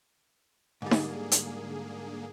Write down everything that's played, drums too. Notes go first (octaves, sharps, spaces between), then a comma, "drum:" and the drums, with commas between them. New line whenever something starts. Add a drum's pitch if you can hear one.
G#2 D3 G3 A#3 G#4
drum: snare D#4
drum: hi-hat